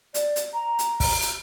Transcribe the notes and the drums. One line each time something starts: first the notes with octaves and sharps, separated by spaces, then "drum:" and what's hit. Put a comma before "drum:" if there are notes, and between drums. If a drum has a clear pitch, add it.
D5, drum: hi-hat
drum: hi-hat
A#5
drum: hi-hat
drum: kick, open hi-hat
drum: hi-hat